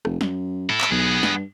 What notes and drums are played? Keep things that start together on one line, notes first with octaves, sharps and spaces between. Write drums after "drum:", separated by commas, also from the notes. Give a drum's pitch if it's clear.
F1, drum: rim click
F#2, drum: snare
E4 A4
drum: clap
B1 B3 G#4
G2, drum: snare